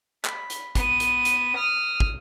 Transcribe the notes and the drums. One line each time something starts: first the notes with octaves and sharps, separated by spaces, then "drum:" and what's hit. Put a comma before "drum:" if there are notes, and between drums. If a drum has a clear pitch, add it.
B5, drum: clap
drum: hi-hat
B3 D#7, drum: kick, hi-hat
drum: hi-hat
drum: hi-hat
D#6 F6
drum: kick